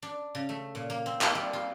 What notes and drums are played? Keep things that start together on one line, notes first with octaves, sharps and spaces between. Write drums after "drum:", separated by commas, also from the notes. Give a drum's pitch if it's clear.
D4
C#3
A3
A#2
A#3
C4
C4, drum: clap
G3
F4